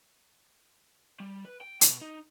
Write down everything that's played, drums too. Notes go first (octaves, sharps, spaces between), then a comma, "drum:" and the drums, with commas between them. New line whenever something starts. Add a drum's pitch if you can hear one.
G3
B4
G5
B2, drum: hi-hat
D#4